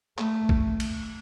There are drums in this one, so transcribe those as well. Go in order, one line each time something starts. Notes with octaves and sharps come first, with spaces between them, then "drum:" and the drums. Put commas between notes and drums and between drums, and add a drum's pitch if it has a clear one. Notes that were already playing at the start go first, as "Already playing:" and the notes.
A3, drum: clap
drum: kick
drum: cymbal